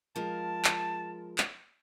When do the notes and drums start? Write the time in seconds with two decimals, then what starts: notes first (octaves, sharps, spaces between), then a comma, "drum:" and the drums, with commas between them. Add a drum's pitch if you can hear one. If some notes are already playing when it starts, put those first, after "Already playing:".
0.16 F3 G#3 A#4 A5
0.65 drum: clap
1.38 drum: clap